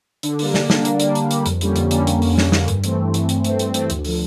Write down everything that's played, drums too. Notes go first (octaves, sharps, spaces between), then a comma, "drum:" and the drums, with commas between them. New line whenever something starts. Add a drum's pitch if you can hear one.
D3, drum: hi-hat
G3 A#3 D4, drum: open hi-hat
D3, drum: snare
G3 A#3 D4, drum: snare
D3, drum: hi-hat
G3 A#3 D4, drum: hi-hat
D3, drum: hi-hat
G3 A#3 D4, drum: hi-hat
F2, drum: hi-hat
D3 G3 A#3 C#4, drum: hi-hat
F2, drum: hi-hat
D3 G3 A#3 C#4, drum: hi-hat
F2, drum: hi-hat
D3 G3 A#3 C#4, drum: open hi-hat
F2, drum: snare
D3 G3 A#3 C#4, drum: snare
G2, drum: hi-hat
E3 A3 C4, drum: hi-hat
G2
E3 A3 C4, drum: hi-hat
G2, drum: hi-hat
E3 A3 C4, drum: hi-hat
G2, drum: hi-hat
E3 A3 C4, drum: hi-hat
D2, drum: hi-hat
D3 F3, drum: open hi-hat